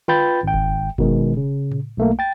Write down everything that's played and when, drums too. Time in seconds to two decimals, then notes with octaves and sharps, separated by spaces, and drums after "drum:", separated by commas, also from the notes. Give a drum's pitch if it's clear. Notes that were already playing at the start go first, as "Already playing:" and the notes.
0.08 F4 B4 G5 B5 G6 A6, drum: tom D3
0.43 G#1 G5
0.54 drum: kick F#1
0.98 B2 D#3 G#3, drum: kick F#1
1.37 C#3
1.72 drum: tom A2
1.97 B1 A3 A#3
2.19 G5 A6